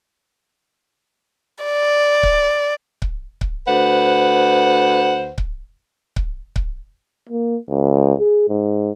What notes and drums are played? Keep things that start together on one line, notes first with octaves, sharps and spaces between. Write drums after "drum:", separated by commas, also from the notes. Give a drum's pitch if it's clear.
D5
drum: kick C#1
drum: kick C#1
drum: kick C#1
D2 B4 C5 F#5
drum: kick C#1
drum: kick C#1
drum: kick C#1
A#3
C#2
G#4
G#2